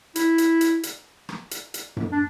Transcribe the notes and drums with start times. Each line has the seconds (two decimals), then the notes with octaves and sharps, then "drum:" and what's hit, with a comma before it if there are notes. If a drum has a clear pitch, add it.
0.16 E4, drum: hi-hat
0.38 drum: hi-hat
0.61 drum: hi-hat
0.83 drum: hi-hat
1.29 drum: rim click
1.51 drum: hi-hat
1.74 drum: hi-hat
1.97 drum: tom F#2
2.12 D4